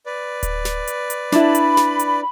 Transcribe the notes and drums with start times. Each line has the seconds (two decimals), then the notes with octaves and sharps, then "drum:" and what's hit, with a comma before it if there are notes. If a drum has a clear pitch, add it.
0.06 B4 D5
0.43 drum: kick D1, hi-hat
0.65 drum: snare
0.87 drum: hi-hat
1.10 drum: hi-hat
1.32 D4 E4 B5, drum: snare
1.55 drum: hi-hat
1.77 drum: snare
1.99 drum: hi-hat